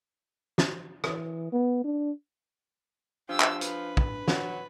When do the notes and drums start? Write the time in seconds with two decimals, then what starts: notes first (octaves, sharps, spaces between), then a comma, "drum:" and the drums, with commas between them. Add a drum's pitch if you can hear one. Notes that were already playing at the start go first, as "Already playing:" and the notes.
0.58 drum: snare
1.04 E3, drum: rim click
1.52 B3
1.84 D4
3.29 F3 D4 G4 E6
3.40 drum: clap
3.61 B4, drum: hi-hat
3.97 drum: kick
4.28 F#3, drum: snare